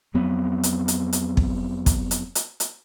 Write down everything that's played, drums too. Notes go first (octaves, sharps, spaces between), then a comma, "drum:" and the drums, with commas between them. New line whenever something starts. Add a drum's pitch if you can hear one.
F2 F#3 B3 C4
drum: hi-hat
drum: hi-hat
drum: hi-hat
drum: kick
drum: kick, hi-hat
drum: hi-hat
drum: hi-hat
drum: hi-hat